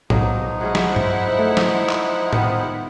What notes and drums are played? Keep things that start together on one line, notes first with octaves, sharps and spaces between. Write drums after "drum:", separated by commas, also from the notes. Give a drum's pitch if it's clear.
B1 F3 F#3 A#3 D#4 D#5, drum: tom A2
F#3 G#3 C#4 E4 C5 F#5
drum: snare
drum: tom G2
A3
drum: snare
drum: clap
D#3 B3, drum: tom A2